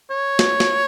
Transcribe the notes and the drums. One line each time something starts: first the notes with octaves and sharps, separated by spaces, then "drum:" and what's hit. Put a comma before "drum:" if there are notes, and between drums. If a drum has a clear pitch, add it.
C#5
drum: snare
drum: snare